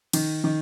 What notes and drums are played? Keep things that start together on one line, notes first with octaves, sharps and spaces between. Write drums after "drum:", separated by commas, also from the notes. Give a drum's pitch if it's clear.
D#3, drum: cymbal
D#3